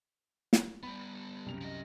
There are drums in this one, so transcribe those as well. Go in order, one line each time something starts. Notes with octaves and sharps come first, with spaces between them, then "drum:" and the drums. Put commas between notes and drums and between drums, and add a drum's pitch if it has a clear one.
drum: snare
G3 B3 B5
C2 F#2 F7
F3 D#5